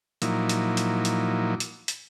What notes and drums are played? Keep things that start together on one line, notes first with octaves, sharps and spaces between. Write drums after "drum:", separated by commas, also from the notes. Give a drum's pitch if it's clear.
A#2 F3 F#3 A#3 D#4 E4, drum: hi-hat
drum: hi-hat
drum: hi-hat
drum: hi-hat
drum: hi-hat
drum: hi-hat